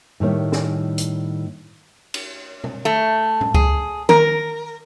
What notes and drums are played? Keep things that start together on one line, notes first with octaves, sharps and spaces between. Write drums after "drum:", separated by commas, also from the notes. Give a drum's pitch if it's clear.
A2 D#3 G3 C#5
drum: snare
drum: hi-hat
drum: cymbal
drum: tom
A3
drum: tom
G#4, drum: kick C#2
A#4, drum: tom D#3